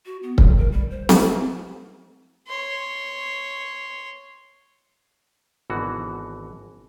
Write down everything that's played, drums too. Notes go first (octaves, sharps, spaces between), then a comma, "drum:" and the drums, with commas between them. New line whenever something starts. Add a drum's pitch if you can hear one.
F#4
B3
F#3, drum: kick C#1
A#4
G3
C5
A3, drum: snare C4
C#5 C6
G#1 B2 D3 E3 F#4